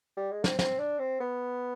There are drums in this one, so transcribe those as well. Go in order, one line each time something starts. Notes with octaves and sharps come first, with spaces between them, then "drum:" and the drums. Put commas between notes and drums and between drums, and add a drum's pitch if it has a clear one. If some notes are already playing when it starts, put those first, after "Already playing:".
G3
G#3
C4, drum: snare
C4, drum: snare
D4
C4
B3